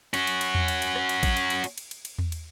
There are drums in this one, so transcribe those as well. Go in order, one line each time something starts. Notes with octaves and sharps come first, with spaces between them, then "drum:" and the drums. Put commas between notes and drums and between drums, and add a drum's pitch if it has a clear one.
C#4 F#4, drum: cymbal
drum: cymbal
drum: cymbal
drum: tom E2
drum: cymbal
drum: cymbal
drum: rim click
drum: cymbal
drum: kick A1, cymbal
drum: cymbal
drum: cymbal
drum: cymbal
drum: cymbal
drum: cymbal
drum: cymbal
drum: tom E2
drum: cymbal